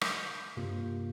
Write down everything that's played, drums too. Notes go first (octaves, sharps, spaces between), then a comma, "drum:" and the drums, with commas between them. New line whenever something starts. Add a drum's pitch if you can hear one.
G6, drum: rim click
G2 C3 A#3 F4